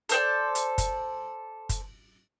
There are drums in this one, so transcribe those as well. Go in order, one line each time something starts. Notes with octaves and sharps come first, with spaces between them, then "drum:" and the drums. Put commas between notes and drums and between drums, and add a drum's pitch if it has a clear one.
A4 C5 D5, drum: hi-hat
drum: hi-hat
drum: kick, hi-hat
drum: kick, hi-hat